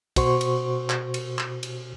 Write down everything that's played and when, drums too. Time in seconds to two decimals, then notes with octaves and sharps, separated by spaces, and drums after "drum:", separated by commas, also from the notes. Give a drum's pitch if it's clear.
0.16 B2 F#4 C5 C6 C#6, drum: kick, cymbal
0.41 drum: cymbal
0.90 drum: clap
1.14 drum: cymbal
1.38 drum: clap
1.63 drum: cymbal